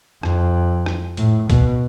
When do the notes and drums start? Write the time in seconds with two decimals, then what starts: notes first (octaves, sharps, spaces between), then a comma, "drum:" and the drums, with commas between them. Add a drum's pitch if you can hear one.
0.23 F2, drum: rim click
0.86 drum: rim click
1.17 A2, drum: hi-hat
1.50 B2, drum: kick C2, hi-hat